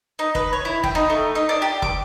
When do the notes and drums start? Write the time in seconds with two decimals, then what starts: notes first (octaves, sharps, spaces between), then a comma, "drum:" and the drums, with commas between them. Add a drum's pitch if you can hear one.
0.19 D#4
0.35 B4, drum: kick
0.53 C#5
0.65 E4
0.84 G5, drum: kick
0.95 D#4
1.10 A3
1.35 D#4
1.49 D4
1.62 G4
1.82 D6, drum: kick